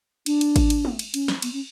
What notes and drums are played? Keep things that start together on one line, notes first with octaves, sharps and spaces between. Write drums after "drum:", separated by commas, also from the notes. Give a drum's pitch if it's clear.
D4, drum: cymbal
drum: cymbal
drum: kick G#1, cymbal
drum: cymbal
drum: tom
drum: cymbal
C#4, drum: cymbal
drum: snare
B3, drum: cymbal
C#4